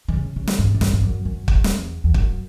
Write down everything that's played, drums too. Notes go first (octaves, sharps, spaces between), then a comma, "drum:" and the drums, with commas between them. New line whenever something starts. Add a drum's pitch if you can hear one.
D#3
C#3
C#3
drum: snare
G#2
G#2
F#2, drum: snare
G#2
F#2
F#2
E2, drum: kick
drum: snare
E2
F#2, drum: kick